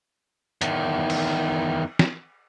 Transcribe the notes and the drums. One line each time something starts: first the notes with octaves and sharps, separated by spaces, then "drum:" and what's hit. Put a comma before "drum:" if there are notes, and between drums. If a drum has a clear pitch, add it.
E2 D#3, drum: hi-hat
drum: cymbal
drum: snare